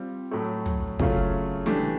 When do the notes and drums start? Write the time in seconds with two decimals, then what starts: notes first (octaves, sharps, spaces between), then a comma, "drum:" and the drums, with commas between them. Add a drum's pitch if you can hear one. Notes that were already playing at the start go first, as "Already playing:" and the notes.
Already playing: G3 C4 F4
0.31 A2 F#3 A3
0.66 drum: tom
0.99 C#3 F#3 A3 C#4 F4, drum: kick
1.66 E3 A3 D4 G4, drum: tom